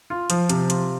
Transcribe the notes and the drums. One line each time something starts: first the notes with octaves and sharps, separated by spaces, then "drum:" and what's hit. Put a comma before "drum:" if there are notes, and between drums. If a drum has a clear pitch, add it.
F4
F3, drum: hi-hat
C3, drum: hi-hat
F4, drum: hi-hat